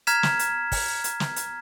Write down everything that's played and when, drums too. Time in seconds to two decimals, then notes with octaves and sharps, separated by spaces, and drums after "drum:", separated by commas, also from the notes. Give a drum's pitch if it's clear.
0.07 A#5 F6 G#6 B6 E7, drum: hi-hat
0.23 drum: snare
0.39 drum: hi-hat
0.72 drum: kick, open hi-hat
1.04 drum: hi-hat
1.20 drum: snare
1.36 drum: hi-hat